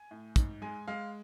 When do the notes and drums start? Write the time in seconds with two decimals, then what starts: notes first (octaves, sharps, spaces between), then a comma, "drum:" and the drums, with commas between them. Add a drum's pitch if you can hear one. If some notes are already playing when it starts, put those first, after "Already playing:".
Already playing: G#5
0.11 A2
0.36 G#2, drum: kick, hi-hat
0.62 G#3 G#5
0.88 G#3 F5